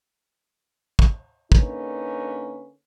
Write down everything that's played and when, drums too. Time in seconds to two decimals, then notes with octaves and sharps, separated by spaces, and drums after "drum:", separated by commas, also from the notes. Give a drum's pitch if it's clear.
0.99 drum: kick
1.52 D3 A#3 C#4 D#4 B4, drum: kick